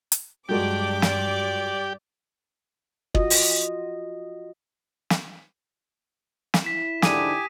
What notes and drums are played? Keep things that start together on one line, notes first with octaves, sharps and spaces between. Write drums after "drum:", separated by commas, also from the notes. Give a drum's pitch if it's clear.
drum: hi-hat
G2 F#3 G#3 D4 F#4 G4 D5 D6
D5, drum: snare
F4 F#4 D#5, drum: kick
drum: open hi-hat
drum: snare
drum: snare
E4 B6 E7
G#2 D3 G4 G#5 D6 D#6 D#7, drum: snare